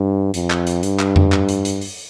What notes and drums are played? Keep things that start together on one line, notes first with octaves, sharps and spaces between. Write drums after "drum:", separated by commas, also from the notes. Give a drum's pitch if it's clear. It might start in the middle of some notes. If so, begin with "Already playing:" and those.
Already playing: G2
F2, drum: hi-hat
drum: clap
drum: hi-hat
G2, drum: hi-hat
drum: clap
drum: tom F2
drum: clap
drum: hi-hat
drum: hi-hat
drum: open hi-hat